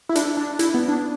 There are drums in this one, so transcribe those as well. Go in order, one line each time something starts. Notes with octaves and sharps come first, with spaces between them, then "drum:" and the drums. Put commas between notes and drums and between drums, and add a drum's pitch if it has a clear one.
E4
D4, drum: hi-hat
D4
E4, drum: hi-hat
B3
D4